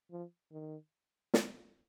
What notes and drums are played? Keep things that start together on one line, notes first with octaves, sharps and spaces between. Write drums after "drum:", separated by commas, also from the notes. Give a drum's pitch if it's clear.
F3
D#3
drum: snare